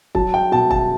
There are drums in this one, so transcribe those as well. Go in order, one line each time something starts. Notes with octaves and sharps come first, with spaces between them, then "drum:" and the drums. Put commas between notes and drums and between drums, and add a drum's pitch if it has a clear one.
F#3 A5, drum: kick
G5
B2 A5
A5, drum: kick